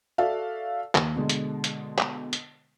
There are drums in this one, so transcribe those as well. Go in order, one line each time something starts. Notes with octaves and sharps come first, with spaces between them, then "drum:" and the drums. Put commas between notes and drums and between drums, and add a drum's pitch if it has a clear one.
F#4 A4 D5 E5 F5
D#2, drum: clap
B2 D3 G#3
drum: hi-hat
drum: hi-hat
drum: clap
drum: hi-hat